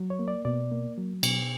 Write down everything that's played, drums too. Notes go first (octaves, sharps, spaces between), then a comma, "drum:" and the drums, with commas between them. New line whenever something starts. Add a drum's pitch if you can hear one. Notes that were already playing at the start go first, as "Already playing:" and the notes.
Already playing: F#3
C#5
A#3
D5
B2 D5
A#3
F#3
B2, drum: cymbal